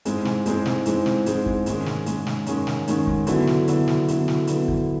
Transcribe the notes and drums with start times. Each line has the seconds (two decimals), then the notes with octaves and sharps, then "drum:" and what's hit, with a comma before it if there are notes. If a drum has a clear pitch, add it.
0.05 G#2 E3 G#3 C4, drum: hi-hat
0.25 drum: snare
0.46 G#2 E3 G#3 C4, drum: hi-hat
0.66 drum: snare
0.86 G#2 E3 G#3 C4, drum: hi-hat
1.06 drum: snare
1.26 G#2 E3 G#3 C4, drum: hi-hat
1.46 drum: kick
1.66 G#2 D#3 G#3 C#4, drum: hi-hat
1.86 drum: snare
2.06 G#2 D#3 G#3 C#4, drum: hi-hat
2.27 drum: snare
2.46 G#2 D#3 G#3 C#4, drum: hi-hat
2.67 drum: snare
2.88 G#2 D#3 G#3 C#4, drum: hi-hat
3.07 drum: kick
3.27 D3 F#3 B3 E4, drum: hi-hat
3.47 drum: snare
3.68 D3 F#3 B3 E4, drum: hi-hat
3.88 drum: snare
4.08 D3 F#3 B3 E4, drum: hi-hat
4.28 drum: snare
4.47 D3 F#3 B3 E4, drum: hi-hat
4.68 drum: kick